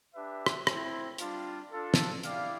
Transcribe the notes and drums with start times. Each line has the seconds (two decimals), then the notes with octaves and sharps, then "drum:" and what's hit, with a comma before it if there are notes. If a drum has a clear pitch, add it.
0.14 D4 G4 B4 E5
0.46 drum: rim click
0.67 A3 C4 E4, drum: rim click
1.18 G3 D4 F4, drum: hi-hat
1.71 D4 F4 A4
1.94 drum: snare
2.23 E4 G4 D5 F5, drum: hi-hat